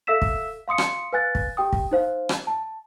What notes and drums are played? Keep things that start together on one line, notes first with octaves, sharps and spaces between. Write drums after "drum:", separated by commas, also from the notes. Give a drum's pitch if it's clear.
A4 E5 F5 E6 B6 E7
drum: kick
F5 C6 D#6 C#7
drum: rim click
B4 F5 G#5 F#6 A6
drum: kick
G4 G5 D#6
drum: kick
D#4 C5 F5
drum: rim click
A5